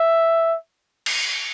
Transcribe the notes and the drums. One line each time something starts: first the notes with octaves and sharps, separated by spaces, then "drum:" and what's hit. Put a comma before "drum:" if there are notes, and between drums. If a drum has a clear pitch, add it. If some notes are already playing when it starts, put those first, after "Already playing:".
Already playing: E5
drum: cymbal